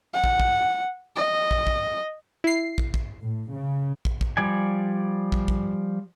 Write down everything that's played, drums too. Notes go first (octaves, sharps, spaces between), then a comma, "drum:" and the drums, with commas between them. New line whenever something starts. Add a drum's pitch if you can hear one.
F#5
drum: kick
drum: kick
D#5
drum: kick
drum: kick
E4 C7
drum: kick
drum: kick
A2
C#3
drum: kick
drum: kick
F3 G3 D5 G#5
drum: kick
drum: kick